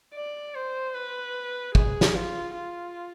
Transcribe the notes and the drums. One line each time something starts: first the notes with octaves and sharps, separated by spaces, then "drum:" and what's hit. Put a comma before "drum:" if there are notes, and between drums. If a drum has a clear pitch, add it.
D5
C5
B4
G#4, drum: kick
drum: snare
F4
F4